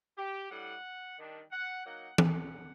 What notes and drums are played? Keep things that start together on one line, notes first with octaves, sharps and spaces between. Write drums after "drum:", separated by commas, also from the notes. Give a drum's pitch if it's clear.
G4
A2 G3 D4 F#5
D#3 G3 D4
F#5
F#3 A#3 D#4 F#5
F#5, drum: tom E3